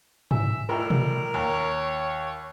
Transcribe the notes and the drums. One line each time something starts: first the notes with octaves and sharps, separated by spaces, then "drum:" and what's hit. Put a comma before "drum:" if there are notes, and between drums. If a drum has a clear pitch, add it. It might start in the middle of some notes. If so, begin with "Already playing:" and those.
E5 G#5, drum: tom G#2
A2 G3 F4 A#4 D#5 G5
drum: tom B2
D#2 C#5